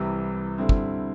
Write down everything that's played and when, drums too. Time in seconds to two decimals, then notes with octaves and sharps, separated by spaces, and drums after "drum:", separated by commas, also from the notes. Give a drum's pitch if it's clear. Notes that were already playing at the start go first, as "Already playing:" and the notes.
Already playing: C2 C3 E3 G3
0.58 D3 G3 C4 E4
0.69 drum: kick